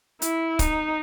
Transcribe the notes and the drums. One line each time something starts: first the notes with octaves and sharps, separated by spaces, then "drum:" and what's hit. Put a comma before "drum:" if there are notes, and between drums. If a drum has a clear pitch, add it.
E4, drum: hi-hat
D#4, drum: kick, hi-hat